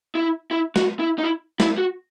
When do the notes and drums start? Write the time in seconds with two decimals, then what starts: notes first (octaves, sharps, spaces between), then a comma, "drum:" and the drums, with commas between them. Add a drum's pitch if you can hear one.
0.15 E4
0.51 E4
0.76 F#4, drum: snare
0.99 E4
1.18 D#4
1.23 E4
1.60 E4, drum: snare
1.78 F#4